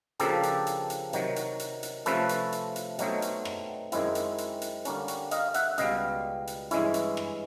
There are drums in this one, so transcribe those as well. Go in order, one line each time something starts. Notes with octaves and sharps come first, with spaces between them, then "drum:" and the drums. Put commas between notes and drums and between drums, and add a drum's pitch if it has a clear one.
C#3 F3 A#3 D4 G4 A4, drum: hi-hat
drum: hi-hat
drum: hi-hat
drum: hi-hat
C3 D#3 F#3, drum: hi-hat
drum: hi-hat
drum: hi-hat
drum: hi-hat
C3 F3 A3 C#4 A4 B4, drum: hi-hat
drum: hi-hat
drum: hi-hat
drum: hi-hat
B2 F#3 A3 C4 D#4, drum: hi-hat
drum: hi-hat
drum: rim click
F#2 D#3 G#3 C4 E4, drum: hi-hat
drum: hi-hat
drum: hi-hat
drum: hi-hat
D3 G3 A#3 C#4, drum: hi-hat
drum: hi-hat
D#5 F5, drum: hi-hat
E5 F#5, drum: hi-hat
C#2 B2 G3 D#5 F5, drum: hi-hat
drum: hi-hat
G2 E3 G#3 C#4 E4, drum: hi-hat
drum: hi-hat
drum: rim click